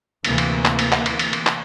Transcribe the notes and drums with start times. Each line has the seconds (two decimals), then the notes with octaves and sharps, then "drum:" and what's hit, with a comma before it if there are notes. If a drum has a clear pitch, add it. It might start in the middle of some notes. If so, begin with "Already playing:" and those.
0.25 D2 C3 E3 A#3, drum: cymbal
0.38 drum: cymbal
0.65 drum: clap
0.79 drum: cymbal
0.92 drum: clap
1.06 drum: cymbal
1.19 drum: cymbal
1.33 drum: cymbal
1.47 drum: clap